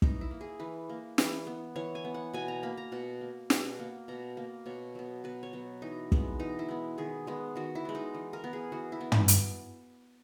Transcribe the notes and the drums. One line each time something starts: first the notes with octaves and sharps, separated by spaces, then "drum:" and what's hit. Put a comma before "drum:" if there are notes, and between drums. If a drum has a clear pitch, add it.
E3 D#4, drum: kick
E4
A#3
G#4
E3 B4
A#3
E3, drum: snare
B3
E3 C#5
G#5
B3
F#5
B2 G#5
A#5
A#3 B5
A#5
B2 F#5
A#3
B2 F#5, drum: snare
A#3
B2 A#5
A#3
B2 C#5
F#3 B3
B2 B4
C#5
F#3 B3
E3 D#4
G#3 B3, drum: kick
E3 D#4
E4
G#3 B3
D#3 G#4
G#3 B3
D#3 F#4
E4
G#3 B3
D#4
E3
A#4
B3
G#4
E3 F#4
E4
B3
drum: tom
drum: hi-hat